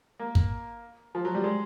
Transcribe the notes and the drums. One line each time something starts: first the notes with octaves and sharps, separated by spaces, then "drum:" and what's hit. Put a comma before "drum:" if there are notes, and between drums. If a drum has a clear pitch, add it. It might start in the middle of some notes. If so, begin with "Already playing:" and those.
A#3
drum: kick
F3
F#3
G3
G#3